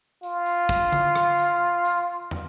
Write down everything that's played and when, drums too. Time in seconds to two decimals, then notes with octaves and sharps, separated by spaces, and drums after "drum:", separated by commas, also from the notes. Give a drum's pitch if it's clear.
0.23 F4, drum: tambourine
0.46 drum: tambourine
0.69 drum: kick, tambourine
0.92 drum: tom D3
1.16 drum: rim click
1.39 drum: tambourine
1.85 drum: tambourine
2.31 drum: tom